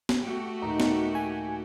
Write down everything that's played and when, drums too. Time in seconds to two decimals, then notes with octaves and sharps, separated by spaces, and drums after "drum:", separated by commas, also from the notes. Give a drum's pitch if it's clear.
0.09 drum: snare
0.21 A3 F#4 G4
0.62 D#2 A#2 D#4
0.80 drum: snare
1.15 G#5